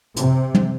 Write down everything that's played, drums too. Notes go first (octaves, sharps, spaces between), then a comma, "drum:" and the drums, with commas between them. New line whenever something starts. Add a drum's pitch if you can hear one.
C3, drum: hi-hat
drum: tom